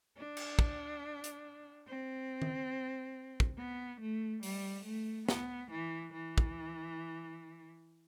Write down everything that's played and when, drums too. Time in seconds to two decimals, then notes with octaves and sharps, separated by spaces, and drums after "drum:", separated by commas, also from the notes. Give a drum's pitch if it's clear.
0.17 D4
0.37 drum: cymbal
0.59 drum: kick
1.24 drum: hi-hat
1.87 C4
2.42 drum: tom D#3
3.40 drum: kick
3.58 B3
4.01 A3
4.43 G3, drum: open hi-hat
4.85 A3
5.29 B3, drum: snare
5.71 E3
6.13 E3
6.38 drum: kick